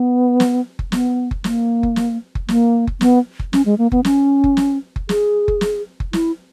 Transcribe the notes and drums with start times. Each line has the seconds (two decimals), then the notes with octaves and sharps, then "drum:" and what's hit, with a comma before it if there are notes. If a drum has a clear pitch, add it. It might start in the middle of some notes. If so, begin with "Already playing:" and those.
Already playing: B3
0.40 drum: snare
0.79 drum: kick F#1
0.92 B3, drum: snare
1.31 drum: kick F#1
1.44 A#3, drum: snare
1.83 drum: kick F#1
1.96 drum: snare
2.35 drum: kick F#1
2.48 A#3, drum: snare
2.87 drum: kick F#1
3.01 B3, drum: snare
3.39 drum: kick F#1
3.53 C#4, drum: snare
3.65 G#3
3.78 A#3
3.92 B3, drum: kick F#1
4.05 C#4, drum: snare
4.44 drum: kick F#1
4.57 drum: snare
4.96 drum: kick F#1
5.09 G#4, drum: snare
5.48 drum: kick F#1
5.61 drum: snare
6.00 drum: kick F#1
6.13 E4, drum: snare